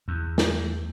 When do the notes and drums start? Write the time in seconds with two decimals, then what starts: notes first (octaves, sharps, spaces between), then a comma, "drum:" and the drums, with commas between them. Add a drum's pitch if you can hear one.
0.08 E2
0.38 drum: snare